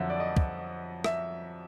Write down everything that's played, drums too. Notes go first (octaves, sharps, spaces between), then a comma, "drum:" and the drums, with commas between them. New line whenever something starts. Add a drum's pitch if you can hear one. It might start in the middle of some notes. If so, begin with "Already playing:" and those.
Already playing: F2 D3 F#3 E5
D5
D#5
drum: kick
E5, drum: rim click